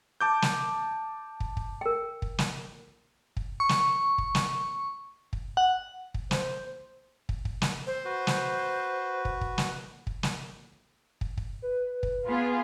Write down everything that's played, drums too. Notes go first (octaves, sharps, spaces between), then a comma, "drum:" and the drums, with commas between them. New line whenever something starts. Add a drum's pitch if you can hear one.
A5 D6 G6
drum: snare
drum: kick
drum: kick
A#4 G5
drum: kick
drum: snare
drum: kick
C#6
drum: snare
drum: kick
drum: snare
drum: kick
F#5
drum: kick
C5, drum: snare
drum: kick
drum: kick
drum: snare
C5
F#4 B4
drum: snare
drum: kick
drum: kick
drum: snare
drum: kick
drum: snare
drum: kick
drum: kick
B4
drum: kick
B3 F4 G#4